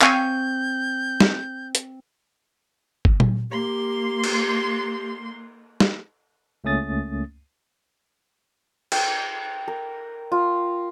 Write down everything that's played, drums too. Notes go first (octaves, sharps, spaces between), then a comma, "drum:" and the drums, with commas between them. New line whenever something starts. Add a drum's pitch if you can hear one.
C4 F5 G#5 C#6 G6, drum: clap
drum: snare
drum: hi-hat
drum: kick
drum: tom A#2
A#3 G4 C6
drum: cymbal
drum: snare
C#2 A3 A#3 C#4 D#6 A6
G5, drum: cymbal
A#4
F4